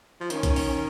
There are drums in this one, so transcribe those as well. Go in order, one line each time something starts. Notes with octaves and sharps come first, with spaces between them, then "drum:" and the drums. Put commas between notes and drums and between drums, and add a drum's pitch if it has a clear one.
F3
D#3 C#4, drum: hi-hat
drum: kick B1, hi-hat
drum: open hi-hat